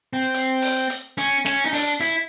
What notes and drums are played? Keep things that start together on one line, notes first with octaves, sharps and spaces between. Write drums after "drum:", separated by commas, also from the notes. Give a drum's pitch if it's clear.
C4
drum: hi-hat
drum: open hi-hat
drum: hi-hat
C#4, drum: hi-hat
C#4, drum: snare
D#4
D4, drum: open hi-hat
E4, drum: hi-hat